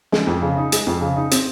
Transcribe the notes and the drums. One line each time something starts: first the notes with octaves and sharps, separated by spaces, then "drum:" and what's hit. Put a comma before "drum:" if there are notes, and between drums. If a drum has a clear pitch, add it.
G#3, drum: snare
F2
C#3
D#4
G#3, drum: hi-hat
F2
C#3
D#4
C4, drum: hi-hat